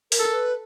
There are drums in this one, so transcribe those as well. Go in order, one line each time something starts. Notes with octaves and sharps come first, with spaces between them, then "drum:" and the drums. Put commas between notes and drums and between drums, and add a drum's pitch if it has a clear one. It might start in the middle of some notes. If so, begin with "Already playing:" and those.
A#4, drum: open hi-hat
A4
B4